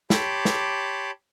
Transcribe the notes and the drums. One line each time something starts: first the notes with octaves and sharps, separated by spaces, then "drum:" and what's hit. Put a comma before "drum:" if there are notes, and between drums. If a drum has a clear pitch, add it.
G4 C#5 A5 B5 C6 D6, drum: snare
drum: snare